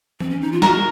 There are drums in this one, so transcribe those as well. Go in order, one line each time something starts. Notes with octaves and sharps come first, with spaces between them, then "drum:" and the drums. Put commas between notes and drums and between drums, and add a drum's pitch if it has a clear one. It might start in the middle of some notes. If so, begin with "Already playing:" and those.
C4, drum: tom E3
C#4
D#4
F4
F#4 A#4, drum: snare